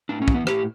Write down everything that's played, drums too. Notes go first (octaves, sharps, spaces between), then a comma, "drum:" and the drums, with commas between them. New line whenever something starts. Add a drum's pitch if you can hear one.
A2 D4
C#4
E3, drum: kick
B3
A2 G4, drum: rim click